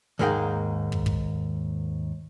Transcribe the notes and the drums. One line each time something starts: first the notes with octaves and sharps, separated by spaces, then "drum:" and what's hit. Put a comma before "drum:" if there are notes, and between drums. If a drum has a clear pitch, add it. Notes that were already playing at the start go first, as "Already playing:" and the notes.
D#2 G#2 A#3 G#4 A#4 G5
drum: kick
drum: kick